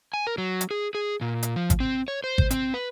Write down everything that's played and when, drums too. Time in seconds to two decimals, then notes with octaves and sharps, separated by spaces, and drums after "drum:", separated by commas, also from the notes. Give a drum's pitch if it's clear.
0.14 G#5
0.27 A#4
0.38 F#3
0.61 drum: hi-hat
0.71 G#4
0.95 G#4
1.21 A#2
1.43 drum: hi-hat
1.56 F3
1.70 drum: kick, hi-hat
1.80 C4
2.08 C#5
2.24 C5
2.38 drum: kick
2.51 C4, drum: hi-hat
2.74 B4